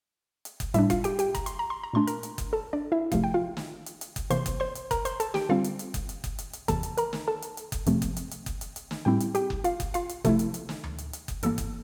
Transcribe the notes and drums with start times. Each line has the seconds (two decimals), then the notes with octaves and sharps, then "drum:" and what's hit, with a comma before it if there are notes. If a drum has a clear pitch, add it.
0.45 drum: hi-hat
0.60 drum: kick F#1, hi-hat
0.74 A2 G3 D4 E4 E5, drum: hi-hat
0.90 F4 F5, drum: kick F#1, hi-hat
1.04 G4 G5, drum: hi-hat
1.19 G4 G5, drum: hi-hat
1.35 A#5, drum: kick F#1, hi-hat
1.46 C6, drum: hi-hat
1.59 A#5
1.70 C6
1.83 A#5
1.93 A#2 A3 D4 C6
2.07 A#4 A#5, drum: hi-hat
2.23 drum: hi-hat
2.38 drum: kick F#1, hi-hat
2.53 A4 A5
2.73 D4 D5
2.92 E4 E5
3.12 C3 F3 A3 E4 F5, drum: kick F#1, hi-hat
3.24 G5
3.34 F4 F5
3.57 drum: snare
3.86 drum: hi-hat
4.01 drum: hi-hat
4.16 drum: kick F#1, hi-hat
4.30 C3 E3 A#3 C5 C6, drum: hi-hat
4.46 drum: kick F#1, hi-hat
4.60 C5 C6
4.75 drum: hi-hat
4.91 A#4 A#5, drum: kick F#1, hi-hat
5.05 C5 C6, drum: hi-hat
5.20 A4 A5, drum: hi-hat
5.34 G4 G5, drum: snare
5.49 D3 G3 C4 F4 F5
5.64 drum: hi-hat
5.79 drum: hi-hat
5.94 drum: kick F#1, hi-hat
6.09 drum: hi-hat
6.24 drum: kick F#1, hi-hat
6.39 drum: hi-hat
6.53 drum: hi-hat
6.68 E2 C3 E3 A4 A5, drum: kick F#1, hi-hat
6.83 drum: hi-hat
6.97 A#4 A#5, drum: hi-hat
7.13 drum: snare
7.28 A4 A5
7.42 drum: hi-hat
7.57 drum: hi-hat
7.72 drum: kick F#1, hi-hat
7.86 F2 C3 F3 A3 C4, drum: hi-hat
8.02 drum: kick F#1, hi-hat
8.17 drum: hi-hat
8.31 drum: hi-hat
8.46 drum: kick F#1, hi-hat
8.61 drum: hi-hat
8.76 drum: hi-hat
8.91 drum: snare
9.05 A2 G3 C4 E4 G4 G5
9.20 drum: hi-hat
9.35 G4 G5, drum: hi-hat
9.50 drum: kick F#1
9.64 F4 F5, drum: hi-hat
9.80 drum: kick F#1, hi-hat
9.94 F4 F5, drum: hi-hat
10.09 drum: hi-hat
10.25 C3 F3 A3 E4 A4, drum: kick F#1, hi-hat
10.39 drum: hi-hat
10.54 drum: hi-hat
10.69 drum: snare
10.84 drum: tom D2
10.98 drum: hi-hat
11.13 drum: hi-hat
11.28 drum: kick F#1, hi-hat
11.43 G2 E3 A#3 A4, drum: hi-hat
11.58 drum: kick F#1, hi-hat